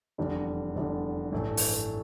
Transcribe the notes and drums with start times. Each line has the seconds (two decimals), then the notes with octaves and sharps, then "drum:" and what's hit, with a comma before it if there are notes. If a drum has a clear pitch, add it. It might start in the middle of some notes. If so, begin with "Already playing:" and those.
0.18 F1 E2 D3 G3 D4
0.75 F1 E2 D3 G3 D4
1.32 A1 G2 E3 A3
1.57 drum: open hi-hat